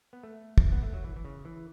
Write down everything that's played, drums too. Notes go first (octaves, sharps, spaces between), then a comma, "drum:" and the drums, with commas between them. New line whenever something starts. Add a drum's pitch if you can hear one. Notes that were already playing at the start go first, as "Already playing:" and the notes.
B3
A3
drum: kick
B3
A3
F#3
E3
E3
C#3
E3